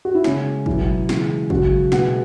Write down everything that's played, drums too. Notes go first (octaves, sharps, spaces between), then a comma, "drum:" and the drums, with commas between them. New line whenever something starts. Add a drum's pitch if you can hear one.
F#4
E4
C#3 G#3 C#4, drum: snare
B2 F#3 E4, drum: kick
C#3 E3 G#3, drum: snare
C#3 F#3 F#4, drum: kick
B2 G#3 F#5, drum: snare